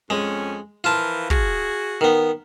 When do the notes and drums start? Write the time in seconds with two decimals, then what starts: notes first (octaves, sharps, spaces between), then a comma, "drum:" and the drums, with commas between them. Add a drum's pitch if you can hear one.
0.10 F2 G#3 C#4
0.84 E3 F3 F4 A#4 A5
1.30 F#4 G#4, drum: kick
2.01 D#3 B3